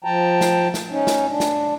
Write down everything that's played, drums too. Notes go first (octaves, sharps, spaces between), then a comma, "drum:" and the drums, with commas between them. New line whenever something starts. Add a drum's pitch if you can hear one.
F3 G5 A5 A#5
drum: snare
drum: snare
C#4 D#4
drum: snare
D4
drum: snare